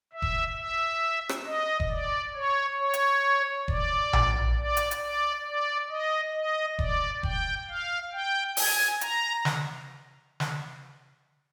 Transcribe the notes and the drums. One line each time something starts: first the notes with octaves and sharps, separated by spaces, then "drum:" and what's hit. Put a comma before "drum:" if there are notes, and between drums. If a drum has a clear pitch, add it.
E5
drum: kick F1
E5
drum: rim click
D#5
drum: kick F1
D5
C#5
C#5
drum: hi-hat
D5, drum: kick F1
drum: tom A#1
D5
drum: hi-hat
drum: hi-hat
D5
D5
D#5
D#5
D5, drum: kick F1
G5, drum: kick F1
F5
G5
G#5, drum: open hi-hat
A#5, drum: hi-hat
drum: snare
drum: snare